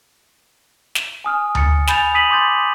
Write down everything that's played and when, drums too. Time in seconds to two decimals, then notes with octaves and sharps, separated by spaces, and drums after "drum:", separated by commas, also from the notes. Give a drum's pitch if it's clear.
0.95 drum: snare
1.24 G#5 D#6 F6
1.55 A6 C#7, drum: tom D2
1.87 G#5 B5 G6 A6 F7, drum: snare
2.14 D#6 B6 D#7 F#7
2.30 C6 D6 D#6 G6 A6